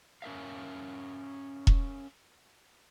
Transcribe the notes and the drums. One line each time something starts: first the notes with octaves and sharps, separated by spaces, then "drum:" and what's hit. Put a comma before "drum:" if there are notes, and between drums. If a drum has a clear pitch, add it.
C#4 A#4 E5 F5
drum: kick E1